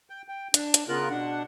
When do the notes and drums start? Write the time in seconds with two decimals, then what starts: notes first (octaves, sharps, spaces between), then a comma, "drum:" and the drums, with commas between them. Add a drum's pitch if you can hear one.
0.10 G5
0.28 G5
0.54 D4, drum: hi-hat
0.74 drum: hi-hat
0.89 C#3 B3 F4 A#4 F#6
1.10 B2 D4 F#5